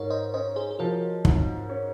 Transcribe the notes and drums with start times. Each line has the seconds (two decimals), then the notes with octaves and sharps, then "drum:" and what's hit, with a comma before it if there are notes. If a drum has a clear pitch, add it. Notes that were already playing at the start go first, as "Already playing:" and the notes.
Already playing: G#2 A#4 C#5
0.10 C5 D#5
0.34 C#4 C5 D#5
0.56 G#4 C5
0.71 G#4
0.79 F3 F#4 A#4
1.25 G#2, drum: kick
1.69 C#4